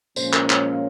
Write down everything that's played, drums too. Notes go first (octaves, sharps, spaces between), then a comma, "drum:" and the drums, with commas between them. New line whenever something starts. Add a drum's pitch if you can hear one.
A#2 F3 G#3 C#4 F4 C5, drum: tambourine
A#4, drum: clap
C#5
C5, drum: clap
F5